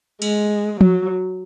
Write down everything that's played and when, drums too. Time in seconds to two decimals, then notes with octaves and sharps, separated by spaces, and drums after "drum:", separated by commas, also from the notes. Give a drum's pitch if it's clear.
0.22 G#3, drum: cymbal
0.81 F#3, drum: tom F3